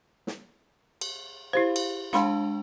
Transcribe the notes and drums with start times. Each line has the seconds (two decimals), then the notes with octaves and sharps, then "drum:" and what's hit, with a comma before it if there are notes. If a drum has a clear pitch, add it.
0.27 drum: snare
1.01 drum: cymbal
1.53 E4 G4 C5 F5
1.76 drum: cymbal
2.13 G#3 D4 F5 A5 B5 C6, drum: snare